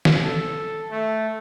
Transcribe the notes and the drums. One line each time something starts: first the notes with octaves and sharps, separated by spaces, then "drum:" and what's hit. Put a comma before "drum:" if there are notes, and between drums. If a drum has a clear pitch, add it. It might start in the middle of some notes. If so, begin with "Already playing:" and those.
drum: snare
A4
A3